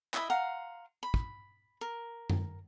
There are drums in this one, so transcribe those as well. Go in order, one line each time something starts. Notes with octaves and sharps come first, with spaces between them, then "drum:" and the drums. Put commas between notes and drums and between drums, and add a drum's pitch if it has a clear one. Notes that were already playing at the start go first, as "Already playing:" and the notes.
E4 D#5 E5 B5, drum: clap
F5 F#5 A#5 C6
B5
drum: kick
A#4
drum: tom F#2